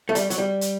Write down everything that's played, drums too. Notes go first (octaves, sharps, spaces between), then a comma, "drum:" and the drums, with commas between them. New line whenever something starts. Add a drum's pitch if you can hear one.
A3
G3, drum: hi-hat
F#3, drum: hi-hat
G3
drum: hi-hat